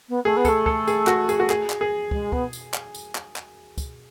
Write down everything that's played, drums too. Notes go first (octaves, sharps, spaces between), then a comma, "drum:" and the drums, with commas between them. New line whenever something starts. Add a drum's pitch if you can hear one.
B3
A3 G#4
B3
A3 A4, drum: kick, tambourine
A4, drum: kick
G#4, drum: tambourine
F#4, drum: clap
G#4, drum: tambourine
F#4
G#4, drum: clap
drum: clap
G#4
G#3, drum: kick
B3, drum: kick
drum: tambourine
drum: clap
drum: tambourine
drum: clap
drum: clap
drum: kick, tambourine